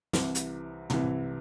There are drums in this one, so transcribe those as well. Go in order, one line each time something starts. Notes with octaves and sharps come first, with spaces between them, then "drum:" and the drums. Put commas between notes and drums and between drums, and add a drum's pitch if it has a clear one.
C2 C3 E3, drum: snare
drum: hi-hat
C2 C3 E3, drum: tom